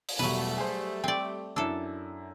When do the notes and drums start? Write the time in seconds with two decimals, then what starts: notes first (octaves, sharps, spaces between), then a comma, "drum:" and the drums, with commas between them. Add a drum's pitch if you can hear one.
0.09 drum: open hi-hat
0.19 E1 B2 F#3 G3 A3 B4
0.58 G#4 C5
1.04 C4 D5 G5
1.56 F#2 D4 E4 A4 E6